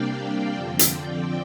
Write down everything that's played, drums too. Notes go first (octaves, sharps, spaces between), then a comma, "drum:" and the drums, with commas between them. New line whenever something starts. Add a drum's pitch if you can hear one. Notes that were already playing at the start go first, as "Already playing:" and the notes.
Already playing: C3 G3 A#3 D4 D5 F5 G5
G5
F2 D3 F3 C4 G5
drum: hi-hat
D5